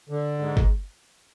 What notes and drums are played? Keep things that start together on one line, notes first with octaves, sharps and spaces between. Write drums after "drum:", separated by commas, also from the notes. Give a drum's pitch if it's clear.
D3
G#2
drum: kick G1